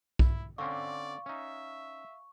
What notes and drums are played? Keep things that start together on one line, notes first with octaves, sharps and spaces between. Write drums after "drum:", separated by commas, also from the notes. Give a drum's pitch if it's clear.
E4, drum: kick B1
D3 C4 C#4 D5 F5 C6 C#6
C#4 D#4 E5